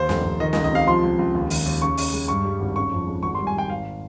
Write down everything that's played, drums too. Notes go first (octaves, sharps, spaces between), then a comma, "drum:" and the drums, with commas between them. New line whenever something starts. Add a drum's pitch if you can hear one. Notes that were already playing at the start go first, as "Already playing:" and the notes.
Already playing: D#2 C5
F1, drum: snare
F1
D#3 D#5
D#5, drum: snare
C#2
D#5
C3 F5
F3 C6
C#2
C#2
D#2
D#3, drum: open hi-hat
D#2
C#3 C#6
C#3, drum: open hi-hat
G#3
G2 C#6
G3
G#1
C#3 C#6
F2
G#3
G#1 C#6
C6
G3
G#5
G#1 G5
G#1 F5